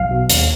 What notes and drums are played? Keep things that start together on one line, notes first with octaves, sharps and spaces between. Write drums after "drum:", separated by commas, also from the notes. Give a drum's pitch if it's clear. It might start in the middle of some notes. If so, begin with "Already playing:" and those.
Already playing: B1 F5
B2
D#2, drum: hi-hat